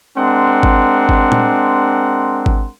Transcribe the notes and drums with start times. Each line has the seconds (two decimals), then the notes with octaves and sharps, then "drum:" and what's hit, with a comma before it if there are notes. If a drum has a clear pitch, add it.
0.17 G#3 C4 D4 A#4 F#5 C6
0.63 drum: kick G#1
1.09 drum: kick G#1
1.32 drum: tom A#2
2.46 drum: kick G#1